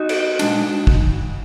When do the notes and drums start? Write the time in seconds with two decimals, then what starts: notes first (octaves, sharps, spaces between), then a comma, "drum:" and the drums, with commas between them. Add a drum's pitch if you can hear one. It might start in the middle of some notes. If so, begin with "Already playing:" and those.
Already playing: D#4 F#4
0.09 drum: cymbal
0.39 A#2 G#3 D4, drum: cymbal
0.87 drum: kick